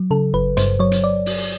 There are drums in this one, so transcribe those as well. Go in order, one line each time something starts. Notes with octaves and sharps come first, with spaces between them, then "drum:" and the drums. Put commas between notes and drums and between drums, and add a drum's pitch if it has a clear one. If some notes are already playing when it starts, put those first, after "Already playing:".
Already playing: F#3
C#3 A4
G1 B4
G2 C5, drum: hi-hat
F#3 C#5
drum: hi-hat
D5
drum: open hi-hat